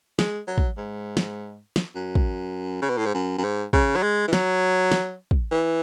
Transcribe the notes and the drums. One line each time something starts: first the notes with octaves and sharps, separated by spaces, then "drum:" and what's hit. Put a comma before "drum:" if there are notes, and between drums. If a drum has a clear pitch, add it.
G#3, drum: snare
F#3
drum: kick
G#2
drum: snare
drum: snare
F#2
drum: kick
C#3
B2
A2
G#2
F#2
F#2
G#2
C#3, drum: kick
F#3
G#3
E3
F#3, drum: snare
drum: snare
drum: kick
E3